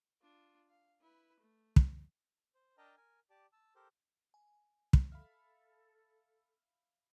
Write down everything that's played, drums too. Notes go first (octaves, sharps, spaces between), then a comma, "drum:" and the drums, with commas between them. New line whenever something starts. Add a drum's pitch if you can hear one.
D4 F4
F5
E4 B4
A3
drum: kick
C5
D4 A#4 D#5 G5 A5 A#5
A#4 G#5
G4 D5 A5
A5 E6
G4 A4 A#4 C5
G#5
drum: kick
A4 E5 F5 B5 F6